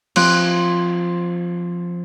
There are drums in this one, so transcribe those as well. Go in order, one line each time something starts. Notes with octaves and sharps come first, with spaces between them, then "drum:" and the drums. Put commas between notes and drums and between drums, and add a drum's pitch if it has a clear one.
F3 C4 F#6, drum: cymbal